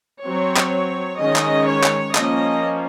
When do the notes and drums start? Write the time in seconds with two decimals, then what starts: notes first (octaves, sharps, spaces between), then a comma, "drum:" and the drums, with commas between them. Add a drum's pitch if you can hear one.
0.25 F#3 C4 C#5
0.57 drum: clap
1.20 D#3 G#3 C#4 D#5
1.36 drum: clap
1.68 C#5
1.84 drum: clap
2.15 F3 A#3 C#4 D#5, drum: clap